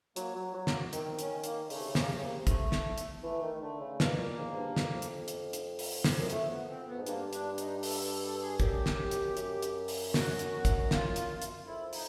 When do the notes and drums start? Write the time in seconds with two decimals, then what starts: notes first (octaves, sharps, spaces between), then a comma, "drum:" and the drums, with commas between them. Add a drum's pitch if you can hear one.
0.16 F#3 A#3, drum: hi-hat
0.36 F#3
0.54 F#3
0.67 A#3, drum: snare
0.93 D#3 C4, drum: hi-hat
1.19 C#4, drum: hi-hat
1.44 A#3, drum: hi-hat
1.70 C#3 A3, drum: open hi-hat
1.80 C3
1.89 C#3
1.95 A#3, drum: snare
2.08 C3
2.15 A3
2.19 C#3 A#3
2.27 C3
2.47 A3, drum: kick, hi-hat
2.72 drum: snare
2.98 drum: hi-hat
3.23 E3 A3
3.42 D#3
3.61 D3 A3
3.81 C#3
4.00 B2 A#3, drum: snare
4.19 A#2
4.38 G#2
4.57 G2
4.76 F2, drum: snare
5.02 drum: hi-hat
5.28 drum: hi-hat
5.53 drum: hi-hat
5.79 drum: open hi-hat
6.04 drum: snare
6.19 F#2
6.30 F2 A3, drum: hi-hat
6.50 B3
6.68 C4
6.87 B3
6.98 G#2
7.06 G2 A#3, drum: hi-hat
7.33 D4, drum: hi-hat
7.58 D#4, drum: hi-hat
7.83 A4, drum: open hi-hat
8.03 A4
8.22 A4
8.42 G#4
8.60 F#2 G4, drum: kick, hi-hat
8.86 drum: snare
9.11 drum: hi-hat
9.37 F#2, drum: hi-hat
9.63 drum: hi-hat
9.88 drum: open hi-hat
10.14 F#4, drum: snare
10.39 drum: hi-hat
10.52 F#4
10.65 drum: kick, hi-hat
10.91 F4, drum: snare
11.16 drum: hi-hat
11.42 drum: hi-hat
11.67 F2 E4
11.93 D#4, drum: open hi-hat